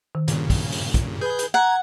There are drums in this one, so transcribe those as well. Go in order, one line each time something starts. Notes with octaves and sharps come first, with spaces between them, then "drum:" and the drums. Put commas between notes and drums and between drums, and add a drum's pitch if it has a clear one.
D#3
G2 A#2 C#3, drum: hi-hat
drum: kick, open hi-hat
drum: open hi-hat
drum: kick, hi-hat
G#4 B4 G6
drum: hi-hat
F#5 A#5 G#6